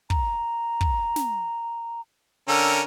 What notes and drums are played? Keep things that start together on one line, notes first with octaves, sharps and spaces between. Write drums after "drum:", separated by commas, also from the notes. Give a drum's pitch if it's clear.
A#5, drum: kick
drum: kick
drum: snare
D3 C#4 A#4 E6